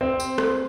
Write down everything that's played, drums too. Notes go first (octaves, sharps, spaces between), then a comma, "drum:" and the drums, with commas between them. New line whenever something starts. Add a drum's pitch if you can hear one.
C4
drum: tambourine
drum: rim click